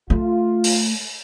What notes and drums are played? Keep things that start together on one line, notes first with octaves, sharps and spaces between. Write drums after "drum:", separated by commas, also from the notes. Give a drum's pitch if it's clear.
A3 F4
drum: open hi-hat